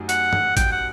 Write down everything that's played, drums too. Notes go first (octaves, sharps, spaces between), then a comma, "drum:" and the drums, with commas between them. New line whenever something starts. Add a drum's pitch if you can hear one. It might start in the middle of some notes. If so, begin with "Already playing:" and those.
Already playing: F#2 F#3 A3 D#4 G4
F#5, drum: hi-hat
drum: tom F#2
G5, drum: kick G#1, hi-hat
F#5